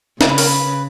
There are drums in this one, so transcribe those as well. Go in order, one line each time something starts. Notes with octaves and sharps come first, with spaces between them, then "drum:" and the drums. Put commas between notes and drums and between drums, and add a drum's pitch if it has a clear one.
C#3 C#5, drum: snare
B4
A#4, drum: open hi-hat
B4